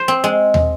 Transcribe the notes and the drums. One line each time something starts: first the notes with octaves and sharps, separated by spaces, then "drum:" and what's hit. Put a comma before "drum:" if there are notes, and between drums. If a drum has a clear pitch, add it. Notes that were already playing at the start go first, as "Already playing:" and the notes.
Already playing: C5
C4
G#3
drum: tom